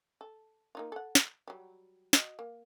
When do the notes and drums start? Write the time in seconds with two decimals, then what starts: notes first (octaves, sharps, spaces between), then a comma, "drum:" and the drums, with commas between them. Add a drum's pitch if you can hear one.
0.21 A4
0.75 A#3 D#4 F4
0.92 A4 F#5
1.15 drum: snare
1.48 F#3 G3
2.13 F#4 D#5, drum: snare
2.39 A#3